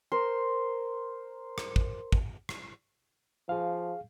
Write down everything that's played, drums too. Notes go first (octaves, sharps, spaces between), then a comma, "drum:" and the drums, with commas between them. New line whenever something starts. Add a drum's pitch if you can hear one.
A#4 C5 C6
drum: rim click
drum: kick
drum: kick
drum: rim click
F3 G#4 F5